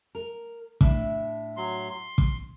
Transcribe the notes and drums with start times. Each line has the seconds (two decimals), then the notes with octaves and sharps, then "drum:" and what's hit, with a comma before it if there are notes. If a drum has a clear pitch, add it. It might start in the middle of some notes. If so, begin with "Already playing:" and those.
0.15 A#4
0.81 A2 D4 E4, drum: kick
1.57 F#3 C6
1.90 C6
2.18 drum: kick